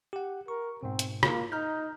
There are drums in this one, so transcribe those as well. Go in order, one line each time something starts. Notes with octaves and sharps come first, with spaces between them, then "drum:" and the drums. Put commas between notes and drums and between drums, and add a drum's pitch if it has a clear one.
G4 F#5
A#4 C#6
G#2 B2 C4
drum: hi-hat
A#3 F4, drum: rim click
D#4 A#5 F6 G6